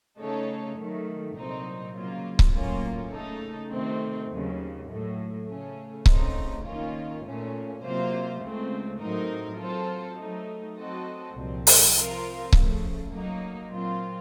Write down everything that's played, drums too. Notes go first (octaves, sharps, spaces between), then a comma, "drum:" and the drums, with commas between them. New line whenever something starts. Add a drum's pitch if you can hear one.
C#3 A3 D#4 A4 C#5
D#3 F#3 A3
C2 A#2 F#3 C4 D#4
C#3 F#3 A#3 F4
drum: kick C#1
A2 F#3 A#3 C#4 F4
C#3 A3 D#4 A4
C3 D#3 A3 C4
D#2 C#3 F#3
A2 F#3 A3
C#3 A3 C#4
C#2 C#3 A3 C4 D#4, drum: kick C#1
D#3 A#3 C#4 F4
A#2 A3 C#4
C3 F#3 A#3 F4 C5
C#2 C#3 A3 C4
A2 F#3 C4 D#4 A#4
F#3 C4 F4 A4 C5
F#3 A3 D#4
F#3 C4 F#4 A4 D#5
C2 A#2 F3 C4
drum: open hi-hat
C3 F3 C4 F4 A#4
C#3 F3 A3, drum: kick C#1
F#3 A#3 D#4
A#2 F#3 C4 F4